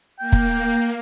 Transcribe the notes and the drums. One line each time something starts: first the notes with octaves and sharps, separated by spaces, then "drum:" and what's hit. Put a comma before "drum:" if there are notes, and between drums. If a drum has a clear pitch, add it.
A#3 G5
drum: kick